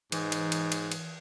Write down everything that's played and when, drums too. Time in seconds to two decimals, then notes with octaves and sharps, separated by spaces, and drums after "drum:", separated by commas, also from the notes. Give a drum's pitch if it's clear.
0.12 G#2 E3 D#4, drum: cymbal
0.32 drum: cymbal
0.52 drum: cymbal
0.72 drum: cymbal
0.92 drum: cymbal